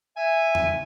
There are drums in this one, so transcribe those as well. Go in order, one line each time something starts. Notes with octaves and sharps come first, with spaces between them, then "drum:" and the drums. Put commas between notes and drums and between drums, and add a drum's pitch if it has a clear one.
E5 G#5
drum: tom